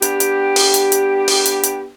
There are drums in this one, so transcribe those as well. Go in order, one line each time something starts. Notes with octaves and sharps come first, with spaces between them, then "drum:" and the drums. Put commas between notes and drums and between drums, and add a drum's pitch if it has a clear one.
B3 D4 G4, drum: hi-hat
drum: hi-hat
drum: open hi-hat
drum: hi-hat
drum: hi-hat
drum: open hi-hat
drum: hi-hat
drum: hi-hat